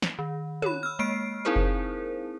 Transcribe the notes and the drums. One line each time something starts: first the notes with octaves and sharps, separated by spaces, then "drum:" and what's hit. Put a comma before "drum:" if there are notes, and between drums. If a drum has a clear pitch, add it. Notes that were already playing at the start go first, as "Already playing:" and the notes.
drum: snare
D#3
C#5 B5, drum: tom
E6 F6
G#3 A#3 F6 C7 D7
C4 D#4 E4 G#4 A#4 C5
drum: kick F#1